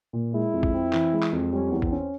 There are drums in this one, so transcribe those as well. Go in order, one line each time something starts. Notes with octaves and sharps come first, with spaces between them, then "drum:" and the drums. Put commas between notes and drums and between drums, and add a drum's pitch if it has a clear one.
A#2
G#3 E4
F2
drum: kick
C4
E3, drum: clap
G#3
drum: clap
F2
G3 C#4
E2
C4, drum: kick
C#4